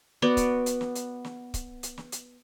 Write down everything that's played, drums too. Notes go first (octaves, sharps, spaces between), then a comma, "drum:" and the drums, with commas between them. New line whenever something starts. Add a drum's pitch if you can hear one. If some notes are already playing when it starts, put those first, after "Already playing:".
B3 F#4 D5
drum: kick C#1, hi-hat
drum: hi-hat
drum: snare
drum: hi-hat
drum: snare
drum: kick C#1, hi-hat
drum: hi-hat
drum: snare
drum: hi-hat